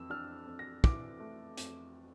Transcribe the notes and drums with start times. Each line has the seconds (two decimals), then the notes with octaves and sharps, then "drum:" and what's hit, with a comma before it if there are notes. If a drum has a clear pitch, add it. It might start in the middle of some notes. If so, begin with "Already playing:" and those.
Already playing: F2 E3 E6
0.10 D4 F6
0.47 F2
0.59 A#6
0.84 E3 D6, drum: kick
1.20 A3
1.57 F2, drum: hi-hat